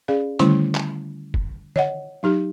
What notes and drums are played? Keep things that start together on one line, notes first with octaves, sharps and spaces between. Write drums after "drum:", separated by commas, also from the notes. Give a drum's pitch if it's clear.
C#4 G#4 D5 F5
D3 D#3 G3 A3 C#4 E4, drum: hi-hat
drum: clap
drum: kick
C#5 D#5 F#5, drum: tom D3
F#3 D#4 G4